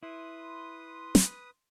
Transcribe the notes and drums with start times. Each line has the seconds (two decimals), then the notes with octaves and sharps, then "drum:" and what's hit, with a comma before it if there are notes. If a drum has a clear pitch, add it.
0.03 E4 B4 C6 D#6
1.15 drum: snare